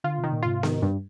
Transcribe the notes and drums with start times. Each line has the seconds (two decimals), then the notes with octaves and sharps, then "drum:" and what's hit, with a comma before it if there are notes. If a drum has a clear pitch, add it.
0.04 D3 F4
0.18 C3
0.24 D#3
0.32 A#2
0.42 G#2 C3 F4
0.63 D#3, drum: snare B3
0.82 G2